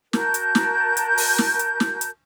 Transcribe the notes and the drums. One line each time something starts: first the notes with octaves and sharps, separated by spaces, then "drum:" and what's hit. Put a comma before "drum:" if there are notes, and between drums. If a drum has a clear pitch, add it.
F#4 A#4 A5 G6, drum: snare
drum: hi-hat
drum: snare
drum: hi-hat
drum: open hi-hat
drum: snare
drum: hi-hat
drum: snare
drum: hi-hat